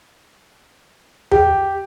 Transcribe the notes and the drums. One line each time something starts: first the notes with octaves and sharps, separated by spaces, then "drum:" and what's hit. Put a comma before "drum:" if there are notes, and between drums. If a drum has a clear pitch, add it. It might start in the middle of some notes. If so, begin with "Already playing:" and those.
G4, drum: tom E2